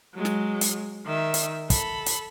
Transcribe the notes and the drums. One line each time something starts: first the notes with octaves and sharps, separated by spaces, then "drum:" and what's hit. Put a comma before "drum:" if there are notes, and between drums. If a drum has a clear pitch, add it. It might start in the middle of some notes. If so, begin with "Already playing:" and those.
F#3 G#3
drum: snare
drum: hi-hat
D#3 E5
drum: hi-hat
A4 B5, drum: kick, hi-hat
drum: hi-hat